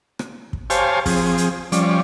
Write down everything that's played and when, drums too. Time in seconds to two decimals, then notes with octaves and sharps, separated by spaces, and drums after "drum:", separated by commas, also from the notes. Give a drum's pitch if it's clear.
0.19 drum: rim click
0.53 drum: kick
0.70 G4 C5 C#5 F5 G#5 A5, drum: hi-hat
1.06 F3 C4 G#4, drum: kick, open hi-hat
1.38 drum: hi-hat
1.72 F3 G3 C#4 D5, drum: hi-hat